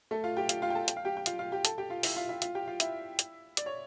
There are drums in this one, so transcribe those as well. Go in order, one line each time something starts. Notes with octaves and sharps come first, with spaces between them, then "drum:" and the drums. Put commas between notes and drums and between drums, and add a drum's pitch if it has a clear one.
A3 A4
F4 F5
G4 G5
F4 F5, drum: hi-hat
F4 F5
G5
A4 A5
G5, drum: hi-hat
F5
G4 G5
G5
F4 F5, drum: hi-hat
F4 F5
G4 G5
A4 A5, drum: hi-hat
G4 G5
F4 F5
E4 E5, drum: open hi-hat
F4 F5
E4 E5
F4 F5, drum: hi-hat
G4 G5
F4 F5
E4 E5, drum: hi-hat
drum: hi-hat
D5, drum: hi-hat
C#5